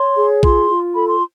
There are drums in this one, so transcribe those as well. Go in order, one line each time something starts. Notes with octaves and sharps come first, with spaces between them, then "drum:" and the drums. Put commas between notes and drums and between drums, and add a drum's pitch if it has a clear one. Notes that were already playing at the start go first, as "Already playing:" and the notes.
Already playing: C#5 C6
G#4
F4 C6, drum: kick
F4
A4 B5
C6